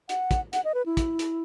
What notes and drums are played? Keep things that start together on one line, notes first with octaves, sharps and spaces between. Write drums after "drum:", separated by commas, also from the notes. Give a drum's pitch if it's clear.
F#5, drum: hi-hat
drum: kick, hi-hat
F#5, drum: hi-hat
D#5
B4
E4
drum: kick, hi-hat
drum: hi-hat